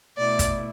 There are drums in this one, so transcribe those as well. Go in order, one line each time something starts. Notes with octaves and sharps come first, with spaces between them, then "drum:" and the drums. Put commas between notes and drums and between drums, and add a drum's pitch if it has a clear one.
B2 A3 E4 D5
drum: kick, hi-hat